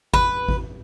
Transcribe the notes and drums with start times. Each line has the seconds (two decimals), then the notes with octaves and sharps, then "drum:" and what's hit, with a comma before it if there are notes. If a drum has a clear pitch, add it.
0.14 B4, drum: kick G#1
0.48 drum: kick G#1